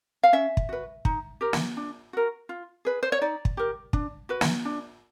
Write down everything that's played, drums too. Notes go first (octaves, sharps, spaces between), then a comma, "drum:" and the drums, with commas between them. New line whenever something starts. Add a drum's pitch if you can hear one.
F5
C#4 E5
drum: kick
F#4 B4
D#4, drum: kick
G4 A#4
drum: snare
D4
F#4 A#4
F4
G#4 B4
C5
C#5
D#4 D5
drum: kick
G4 A#4
D4, drum: kick
F#4 B4
drum: snare
D4